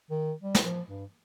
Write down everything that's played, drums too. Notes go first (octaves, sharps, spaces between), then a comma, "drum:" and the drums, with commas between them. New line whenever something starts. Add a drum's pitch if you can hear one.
D#3
G3
drum: snare
F3
G2